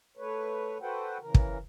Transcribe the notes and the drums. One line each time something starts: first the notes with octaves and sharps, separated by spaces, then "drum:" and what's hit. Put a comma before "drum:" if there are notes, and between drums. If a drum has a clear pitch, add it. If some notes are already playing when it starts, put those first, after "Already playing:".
A3 B4 C#5
F#4 A4 B4 C5 F#5 G5
C#3 E3 A#4
drum: kick